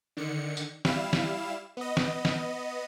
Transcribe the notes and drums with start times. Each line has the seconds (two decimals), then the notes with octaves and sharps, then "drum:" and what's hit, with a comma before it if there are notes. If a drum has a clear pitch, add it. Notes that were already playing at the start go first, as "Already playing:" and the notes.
0.17 D3 D#3 C#7
0.57 drum: tambourine
0.85 G3 E4 F5 E7, drum: snare
1.13 drum: snare
1.77 B3 D#5
1.97 drum: snare
2.25 drum: snare